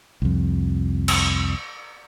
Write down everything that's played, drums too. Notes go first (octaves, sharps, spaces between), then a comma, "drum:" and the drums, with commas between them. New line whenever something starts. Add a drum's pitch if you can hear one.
C2 F2
drum: cymbal